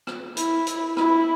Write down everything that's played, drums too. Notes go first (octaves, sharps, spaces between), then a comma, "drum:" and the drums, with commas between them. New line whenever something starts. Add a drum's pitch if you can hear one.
drum: rim click
E4, drum: hi-hat
drum: hi-hat
E4, drum: rim click